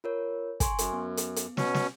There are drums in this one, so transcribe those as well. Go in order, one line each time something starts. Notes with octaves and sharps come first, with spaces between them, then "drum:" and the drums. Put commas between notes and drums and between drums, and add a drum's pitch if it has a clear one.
F4 A#4 C#5
G#5 C6 C#6, drum: kick, hi-hat
F#2, drum: hi-hat
B3
drum: hi-hat
drum: hi-hat
B2 C#4, drum: snare
drum: snare